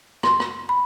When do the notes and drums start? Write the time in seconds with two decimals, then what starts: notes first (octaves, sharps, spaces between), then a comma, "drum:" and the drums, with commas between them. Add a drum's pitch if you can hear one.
0.23 C6, drum: rim click
0.40 drum: rim click
0.69 B5